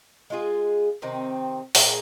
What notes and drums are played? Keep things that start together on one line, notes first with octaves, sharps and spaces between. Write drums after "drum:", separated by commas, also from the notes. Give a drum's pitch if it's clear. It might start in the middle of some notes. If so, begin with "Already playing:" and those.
G#3 F4 G#4
C3 D#3 C4
A#2 A#3 G#4, drum: open hi-hat